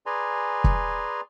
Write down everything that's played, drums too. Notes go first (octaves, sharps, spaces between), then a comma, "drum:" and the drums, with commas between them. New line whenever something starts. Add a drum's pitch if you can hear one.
G#4 B4 D5 G#5 A#5 C6
drum: kick